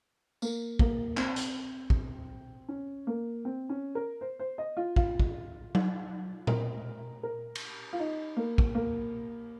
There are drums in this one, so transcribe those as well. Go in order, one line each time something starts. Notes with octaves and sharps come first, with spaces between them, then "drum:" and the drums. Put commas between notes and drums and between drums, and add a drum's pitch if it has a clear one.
A#3, drum: tambourine
A#3, drum: kick
C4, drum: clap
drum: hi-hat
drum: kick
C#4
A#3
C4
C#4
A#4
C5
C5
D#5
F4
F4, drum: kick
drum: kick
drum: tom F#3
A#4, drum: tom A#2
A#4
drum: cymbal
F4
D#4
A#3
drum: kick
A#3